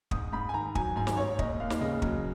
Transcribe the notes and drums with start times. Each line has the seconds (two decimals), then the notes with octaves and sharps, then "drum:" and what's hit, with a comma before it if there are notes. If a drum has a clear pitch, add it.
0.11 G#2 D#6, drum: kick
0.32 G#2 B5
0.49 G#5
0.54 D#3 A#5
0.75 F#3 G#5, drum: kick
0.96 G#2 G#5
1.07 drum: snare
1.17 G#2 C#5
1.39 D#2 D#5, drum: kick
1.60 D#2 F5
1.70 drum: snare
1.81 C#3 D#5
2.02 F#3, drum: kick